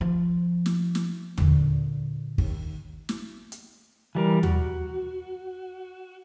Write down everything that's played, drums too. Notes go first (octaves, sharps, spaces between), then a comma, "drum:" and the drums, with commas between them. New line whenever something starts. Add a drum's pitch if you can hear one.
F3
drum: snare
drum: snare
A#2 D3, drum: tom D#2
D#2, drum: kick
drum: snare
drum: hi-hat
E3 G3 A#4
F#4, drum: tom D#2